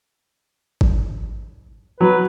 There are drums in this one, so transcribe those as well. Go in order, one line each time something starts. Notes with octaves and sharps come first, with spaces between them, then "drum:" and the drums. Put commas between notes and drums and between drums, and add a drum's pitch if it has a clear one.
drum: kick G#1
F#3 B4